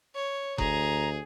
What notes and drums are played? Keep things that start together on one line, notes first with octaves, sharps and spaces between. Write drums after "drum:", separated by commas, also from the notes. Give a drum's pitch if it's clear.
C#5
D2 G#4 A#5, drum: kick F#1